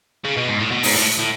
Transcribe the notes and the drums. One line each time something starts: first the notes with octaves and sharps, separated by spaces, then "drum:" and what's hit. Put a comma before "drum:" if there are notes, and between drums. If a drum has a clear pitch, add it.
C#3
B2
G#2
A2
B2
G#2, drum: open hi-hat
A2
A2